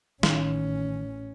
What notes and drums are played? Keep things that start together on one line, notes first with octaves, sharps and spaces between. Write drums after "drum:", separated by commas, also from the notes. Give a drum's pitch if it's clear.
A1 D#3 C#4, drum: snare